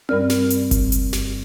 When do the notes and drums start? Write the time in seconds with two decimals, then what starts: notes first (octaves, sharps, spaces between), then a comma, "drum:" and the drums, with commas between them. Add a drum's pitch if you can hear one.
0.09 G2 G3 C4 A#4 D5 F6, drum: tom C4
0.30 drum: snare
0.50 drum: hi-hat
0.71 drum: kick G1, hi-hat
0.92 drum: hi-hat
1.13 drum: snare